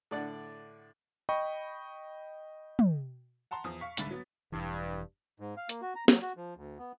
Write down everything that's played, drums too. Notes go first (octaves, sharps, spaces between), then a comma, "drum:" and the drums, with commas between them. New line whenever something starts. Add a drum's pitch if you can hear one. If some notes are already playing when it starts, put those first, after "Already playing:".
A2 D3 D5 F#5
D#5 G5 B5 C#6
drum: tom
F#5 A5 A#5 C6
E2 F3 D#6
F5 C#6 B6
C2 G#2 D3 B5 A6, drum: hi-hat
F#3 B3
E1 G2 E3
G#2
F5
A#3, drum: hi-hat
F#4
A#5
F#3, drum: snare
F#4
F3
D2
B3